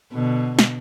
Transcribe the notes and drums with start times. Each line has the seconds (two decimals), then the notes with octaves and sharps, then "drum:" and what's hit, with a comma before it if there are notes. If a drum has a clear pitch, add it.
0.13 B2 D3
0.59 drum: snare